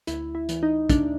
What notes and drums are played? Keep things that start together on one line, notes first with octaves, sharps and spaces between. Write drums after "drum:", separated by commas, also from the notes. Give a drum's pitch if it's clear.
D2 E4, drum: hi-hat
E4
E3, drum: hi-hat
D#4
D2 D4, drum: kick, hi-hat